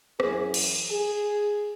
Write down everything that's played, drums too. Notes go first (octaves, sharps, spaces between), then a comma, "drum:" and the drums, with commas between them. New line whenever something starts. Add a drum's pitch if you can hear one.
F#2 E3 G#4, drum: rim click
drum: cymbal
G#4